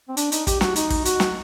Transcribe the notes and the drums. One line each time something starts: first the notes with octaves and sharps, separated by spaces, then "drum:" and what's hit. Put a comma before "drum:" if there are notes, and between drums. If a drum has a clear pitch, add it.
C4
D4, drum: hi-hat
D#4, drum: hi-hat
G4, drum: kick, hi-hat
F#4, drum: snare
D#4, drum: hi-hat
drum: kick, open hi-hat
F#4, drum: hi-hat
drum: snare